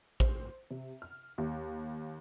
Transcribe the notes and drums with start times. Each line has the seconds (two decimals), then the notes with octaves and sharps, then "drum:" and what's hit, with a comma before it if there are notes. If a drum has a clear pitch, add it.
0.20 C5, drum: kick A1
0.71 C3
1.02 F6
1.38 D#2